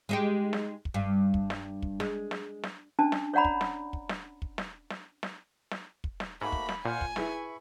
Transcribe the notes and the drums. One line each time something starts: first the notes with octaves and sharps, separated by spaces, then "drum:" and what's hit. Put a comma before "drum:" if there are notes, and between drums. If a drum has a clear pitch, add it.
G#3 D#4 G4
drum: snare
drum: kick
G2
drum: kick
drum: snare
drum: kick
G#3, drum: snare
drum: snare
drum: snare
C#4 D4 A5
drum: snare
C#5 D5 F#5 A#5 B5
drum: kick
drum: snare
drum: kick
drum: snare
drum: kick
drum: snare
drum: snare
drum: snare
drum: snare
drum: kick
drum: snare
G#2 A3 A#3 F#4 B5
drum: kick
drum: snare
A#2 C5 F5 F#5 G#5
drum: kick
E4 G#4 B4 B5 C#6, drum: snare